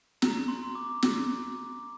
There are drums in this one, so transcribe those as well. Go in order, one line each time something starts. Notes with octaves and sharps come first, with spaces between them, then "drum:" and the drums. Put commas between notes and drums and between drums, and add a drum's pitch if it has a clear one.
A#5, drum: snare
C6
D6
drum: snare